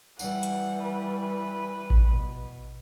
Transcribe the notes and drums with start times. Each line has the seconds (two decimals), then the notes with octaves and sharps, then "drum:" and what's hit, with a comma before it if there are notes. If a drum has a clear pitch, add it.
0.19 E3 G3 F#5, drum: tambourine
0.43 drum: hi-hat
0.83 B4
1.90 drum: kick A1
2.06 B2